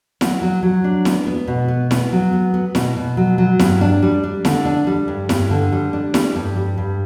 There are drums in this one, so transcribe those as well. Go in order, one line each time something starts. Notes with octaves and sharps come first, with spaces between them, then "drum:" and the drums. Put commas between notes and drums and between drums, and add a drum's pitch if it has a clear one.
F#3, drum: snare E4
F#3
F#3
D4
B3, drum: snare E4
B3
B2
B3
B3, drum: snare E4
F#3
B3
B3
B2, drum: snare E4
B2
F#3
F#3
G2, drum: snare E4
D4
G3
D4
D3, drum: snare E4
D4
G3
G2
G2, drum: snare E4
D3
G3
D4
G3, drum: snare E4
G2
G3
G2